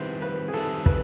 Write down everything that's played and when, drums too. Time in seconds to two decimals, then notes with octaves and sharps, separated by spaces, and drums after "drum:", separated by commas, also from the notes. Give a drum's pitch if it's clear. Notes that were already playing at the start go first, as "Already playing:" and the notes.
Already playing: D#3 G3 C4 E4 B4 C5
0.22 B4
0.48 G#4
0.54 D#3 G3 C4 E4 A4
0.86 B4, drum: kick